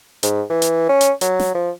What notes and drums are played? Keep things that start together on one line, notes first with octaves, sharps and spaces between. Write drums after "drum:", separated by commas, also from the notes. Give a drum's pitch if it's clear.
G#2, drum: hi-hat
E3
drum: hi-hat
C#4
drum: hi-hat
F#3, drum: hi-hat
drum: snare
F3